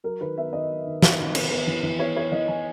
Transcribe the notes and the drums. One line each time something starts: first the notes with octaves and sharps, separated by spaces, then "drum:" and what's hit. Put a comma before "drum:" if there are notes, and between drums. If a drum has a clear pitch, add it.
F#3 A#4
D#3 B4
B3 E5
D#3 D#5
F#3
D#3
B3, drum: snare
D#3
B3, drum: cymbal
B3
E3
E3
B3 C#5
B3 C#5
E3 D#5
E3 G#5